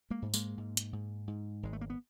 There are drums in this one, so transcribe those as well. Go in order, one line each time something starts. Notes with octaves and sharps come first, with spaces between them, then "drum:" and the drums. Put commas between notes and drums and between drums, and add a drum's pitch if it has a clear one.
G#3 A#3
G#2
G#3 A#3, drum: tambourine
G#2
drum: hi-hat
G#2
G#2
G#1 G#3
A3
A#3
B3